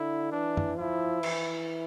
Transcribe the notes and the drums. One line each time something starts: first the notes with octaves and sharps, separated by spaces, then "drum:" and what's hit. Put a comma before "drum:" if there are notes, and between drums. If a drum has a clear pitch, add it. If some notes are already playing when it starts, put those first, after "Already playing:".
Already playing: D3 E4
E3 D4
drum: tom
F3 E4
E3, drum: cymbal